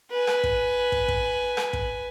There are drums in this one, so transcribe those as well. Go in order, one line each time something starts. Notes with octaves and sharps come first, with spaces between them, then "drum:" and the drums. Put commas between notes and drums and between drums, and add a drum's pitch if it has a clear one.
B4 G#5
drum: rim click
drum: kick
drum: kick
drum: kick
drum: rim click
drum: kick